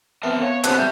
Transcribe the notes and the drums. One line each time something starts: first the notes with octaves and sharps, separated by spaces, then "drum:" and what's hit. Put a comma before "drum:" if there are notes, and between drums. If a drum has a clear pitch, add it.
B3 C4 A#4 E5 A5
C#5 F5
A#2 D3 B3 C4 G4 C5 A5 F#6, drum: hi-hat
G3 F#4 E5 G6